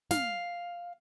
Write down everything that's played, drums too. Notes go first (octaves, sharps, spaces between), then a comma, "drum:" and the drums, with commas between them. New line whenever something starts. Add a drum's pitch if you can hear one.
F5, drum: snare